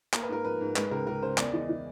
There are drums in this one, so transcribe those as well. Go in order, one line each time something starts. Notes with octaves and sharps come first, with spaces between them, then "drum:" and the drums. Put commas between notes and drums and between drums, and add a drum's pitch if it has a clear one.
A#3 A#4, drum: clap
B4
G#2 A#4
F3 B4
G#2
G#3 B4, drum: clap
C#2 A#4
C#2 A#4
C#2 C5
E2 D5, drum: clap
E3 D#5
E3